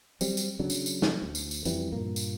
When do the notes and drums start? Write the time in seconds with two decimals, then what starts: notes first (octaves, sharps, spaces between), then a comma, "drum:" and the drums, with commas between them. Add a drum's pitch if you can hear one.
0.21 F#3 G3 C4, drum: tambourine
0.37 drum: tambourine
0.59 C#3 F#3 D4
0.70 drum: tambourine
0.86 drum: tambourine
1.02 drum: snare
1.22 D2
1.35 drum: tambourine
1.51 drum: tambourine
1.65 F2 E3 G3, drum: tambourine
1.92 G2 A#2 A#3
2.16 drum: tambourine